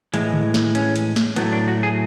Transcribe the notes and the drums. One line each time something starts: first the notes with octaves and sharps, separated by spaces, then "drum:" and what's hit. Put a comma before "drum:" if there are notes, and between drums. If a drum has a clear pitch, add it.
A2 E3 G#3, drum: hi-hat
drum: tom D3
drum: snare
C#4, drum: hi-hat
drum: hi-hat
drum: snare
A2 F#3 A3 B3, drum: hi-hat
D4
F#4
G#4